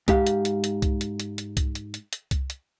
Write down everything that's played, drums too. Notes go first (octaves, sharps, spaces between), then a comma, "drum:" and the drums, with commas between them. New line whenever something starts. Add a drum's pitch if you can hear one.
G#2 G4 F5, drum: kick C2, hi-hat
drum: hi-hat
drum: hi-hat
drum: hi-hat
drum: kick C2, hi-hat
drum: hi-hat
drum: hi-hat
drum: hi-hat
drum: kick C2, hi-hat
drum: hi-hat
drum: hi-hat
drum: hi-hat
drum: kick C2, hi-hat
drum: hi-hat